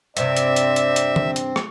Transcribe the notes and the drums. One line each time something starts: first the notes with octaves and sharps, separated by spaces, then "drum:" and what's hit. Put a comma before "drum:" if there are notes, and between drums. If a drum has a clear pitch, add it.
G2 C3 C4 D5 E5, drum: hi-hat
drum: hi-hat
drum: hi-hat
drum: hi-hat
drum: hi-hat
drum: tom
drum: hi-hat
drum: rim click